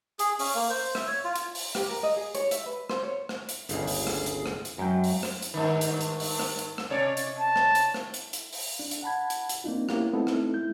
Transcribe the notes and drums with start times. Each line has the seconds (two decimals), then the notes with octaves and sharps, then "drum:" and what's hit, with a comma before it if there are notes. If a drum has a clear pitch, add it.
0.19 G#4, drum: hi-hat
0.39 C#4, drum: open hi-hat
0.55 A#3
0.70 C5
0.95 E5, drum: rim click
1.07 C#5
1.24 F4
1.36 drum: hi-hat
1.55 drum: open hi-hat
1.75 G4, drum: rim click
1.89 A#4
2.03 D#5
2.17 G#4
2.35 C#5, drum: hi-hat
2.51 E5, drum: hi-hat
2.66 B4
2.90 C5, drum: rim click
3.03 C#5
3.29 drum: rim click
3.49 drum: hi-hat
3.69 G1 C#2 G#4, drum: hi-hat
3.87 drum: open hi-hat
4.07 drum: rim click
4.26 drum: hi-hat
4.46 drum: rim click
4.65 drum: hi-hat
4.78 F#2 F#3 G#3 G5
5.04 drum: open hi-hat
5.23 drum: rim click
5.42 drum: hi-hat
5.54 G2 D#3
5.81 drum: hi-hat
6.01 drum: hi-hat
6.20 drum: open hi-hat
6.39 drum: rim click
6.59 drum: hi-hat
6.78 drum: rim click
6.90 C3 C#5 D5
7.17 drum: hi-hat
7.39 A5
7.56 drum: rim click
7.75 drum: hi-hat
7.94 drum: rim click
8.14 drum: hi-hat
8.33 drum: hi-hat
8.53 drum: open hi-hat
8.79 D4
8.91 drum: hi-hat
9.02 F#5 A5 B5 G#6
9.30 drum: hi-hat
9.49 drum: hi-hat
9.64 A#3 C4 D4 D#4 F4
9.89 A#3 B3 C#4 E4 F4 G4, drum: rim click
10.13 A3 B3 C4 D#4 E4 A4
10.27 drum: rim click
10.54 G#3 E4 G6